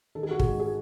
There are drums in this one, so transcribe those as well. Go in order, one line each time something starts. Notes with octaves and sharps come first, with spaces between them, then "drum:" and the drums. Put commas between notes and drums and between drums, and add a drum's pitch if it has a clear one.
D#3 A4
G#4
F#4
G#4, drum: kick
G#2
G#4